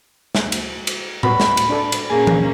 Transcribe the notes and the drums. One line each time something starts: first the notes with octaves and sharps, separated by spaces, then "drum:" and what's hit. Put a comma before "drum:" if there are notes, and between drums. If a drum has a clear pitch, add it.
drum: snare
drum: cymbal
drum: cymbal
G3 F#4 B4 B5, drum: tom A2
drum: snare
drum: cymbal
D4 A4
drum: cymbal
A#2 A#3 C#4 G#4 G#5
drum: tom E3